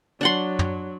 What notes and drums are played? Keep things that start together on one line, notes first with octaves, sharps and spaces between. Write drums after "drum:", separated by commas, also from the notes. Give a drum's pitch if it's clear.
F#3 D4 F#5 C6
drum: tom